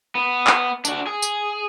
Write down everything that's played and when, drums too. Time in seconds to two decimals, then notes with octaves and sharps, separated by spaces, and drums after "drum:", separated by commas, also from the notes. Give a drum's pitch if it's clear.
0.15 B3
0.47 drum: clap
0.85 D4 F#4, drum: tambourine
1.07 G#4
1.22 drum: tambourine